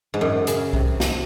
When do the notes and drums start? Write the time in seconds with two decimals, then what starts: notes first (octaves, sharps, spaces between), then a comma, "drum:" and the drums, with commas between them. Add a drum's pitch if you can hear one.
0.14 G#2
0.21 F#2
0.47 C#3, drum: hi-hat
0.73 C3, drum: kick C2
1.00 drum: snare